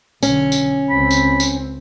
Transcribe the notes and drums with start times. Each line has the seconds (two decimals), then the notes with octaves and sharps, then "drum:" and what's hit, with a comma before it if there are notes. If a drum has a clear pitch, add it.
0.23 B1 D3 C#4, drum: tambourine
0.52 drum: tambourine
0.90 C#2 C4 B5
1.11 drum: tambourine
1.40 drum: tambourine